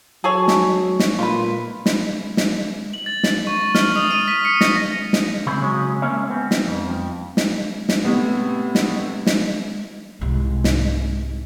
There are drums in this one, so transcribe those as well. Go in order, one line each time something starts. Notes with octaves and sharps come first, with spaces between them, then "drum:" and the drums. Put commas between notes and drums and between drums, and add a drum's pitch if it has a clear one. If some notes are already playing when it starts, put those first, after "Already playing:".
F#3 G#4 A4 C#5
drum: snare
drum: snare
A#2 F4 B4
drum: snare
drum: snare
F#7
A6
drum: snare
C#6
F6, drum: snare
D#6
D#7
B6
C#7
A#6, drum: snare
drum: snare
C#3 C4 G#4 B5
C#3 F#3 G#3 C#4
G#3 A#3 C#4 C#5 E5
B3 C4
drum: snare
F2
F2
drum: snare
drum: snare
A2 C3 B3
drum: snare
drum: snare
C2 G#2
drum: snare